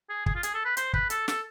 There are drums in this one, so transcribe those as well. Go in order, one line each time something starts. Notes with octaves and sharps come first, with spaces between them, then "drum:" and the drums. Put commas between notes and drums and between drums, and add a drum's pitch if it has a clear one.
G#4
G#4, drum: kick
F4
G#4, drum: hi-hat
A4
B4
C5, drum: hi-hat
B4, drum: kick
A4, drum: hi-hat
A4, drum: snare